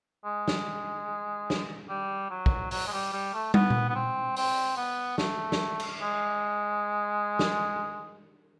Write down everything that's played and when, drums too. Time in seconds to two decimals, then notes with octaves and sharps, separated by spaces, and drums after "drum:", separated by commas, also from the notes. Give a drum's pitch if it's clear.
0.25 G#3
0.48 drum: snare
1.50 drum: snare
1.89 G3
2.31 F#3
2.46 drum: kick
2.71 F#3, drum: open hi-hat
2.87 G#3
2.92 G3
3.13 G3
3.34 A3
3.54 B3, drum: tom
3.70 drum: tom A#2
3.89 B3
3.95 C4
4.37 C4, drum: open hi-hat
4.77 B3
5.18 A3, drum: snare
5.52 drum: snare
5.80 drum: cymbal
6.01 G#3
7.39 drum: snare